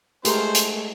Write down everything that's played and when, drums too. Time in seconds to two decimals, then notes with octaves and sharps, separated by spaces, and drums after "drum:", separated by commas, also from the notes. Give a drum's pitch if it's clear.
0.25 G#3 A3 G4 G#4 A#4 C5, drum: hi-hat
0.55 drum: hi-hat